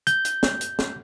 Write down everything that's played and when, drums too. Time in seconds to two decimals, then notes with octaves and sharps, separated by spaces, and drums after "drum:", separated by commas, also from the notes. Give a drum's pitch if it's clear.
0.07 G6, drum: hi-hat
0.25 drum: hi-hat
0.43 drum: snare
0.61 drum: hi-hat
0.79 drum: snare